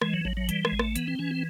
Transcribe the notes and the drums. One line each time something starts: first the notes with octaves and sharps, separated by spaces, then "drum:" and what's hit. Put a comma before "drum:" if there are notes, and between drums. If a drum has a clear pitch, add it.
E3 G#3, drum: rim click
F#3
A1 F#3
F#3
E3 G3, drum: hi-hat
G#3, drum: rim click
A1
A3, drum: rim click
E3 B3, drum: hi-hat
C4
E3 C#4
C4